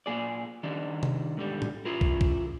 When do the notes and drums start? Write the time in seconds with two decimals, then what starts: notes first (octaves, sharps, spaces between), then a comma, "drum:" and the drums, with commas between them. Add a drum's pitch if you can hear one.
0.06 A#2 G#4 D5
0.63 D#3 G3 D4 D#4
1.03 drum: tom
1.37 G#2 D3 G3
1.62 drum: tom
1.85 E4 F4 G#4 A#4
2.01 drum: kick
2.21 drum: kick